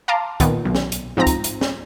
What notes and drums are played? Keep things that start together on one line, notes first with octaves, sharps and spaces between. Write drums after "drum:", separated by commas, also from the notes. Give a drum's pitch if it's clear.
F5 A5 A#5 C6 D6
A#2 D#3 B3, drum: kick, hi-hat
B1
drum: snare
drum: hi-hat
G#2 F3 C4 A#5 A#6
drum: kick, hi-hat
drum: hi-hat
drum: snare